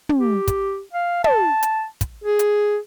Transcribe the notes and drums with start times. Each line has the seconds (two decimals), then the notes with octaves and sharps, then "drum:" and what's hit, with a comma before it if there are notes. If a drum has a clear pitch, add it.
0.09 drum: tom
0.18 G4
0.48 drum: kick, hi-hat
0.93 F5
1.24 A5, drum: tom
1.63 drum: hi-hat
2.01 drum: kick, hi-hat
2.24 G#4
2.39 drum: hi-hat